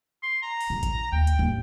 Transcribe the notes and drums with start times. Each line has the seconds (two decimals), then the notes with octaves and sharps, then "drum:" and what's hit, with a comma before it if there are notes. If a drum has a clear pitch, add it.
0.23 C6
0.42 A#5
0.61 drum: open hi-hat
0.70 B2 F4
0.83 D#3, drum: kick A1, hi-hat
1.12 D#2 G5
1.27 drum: hi-hat
1.39 D#2 A2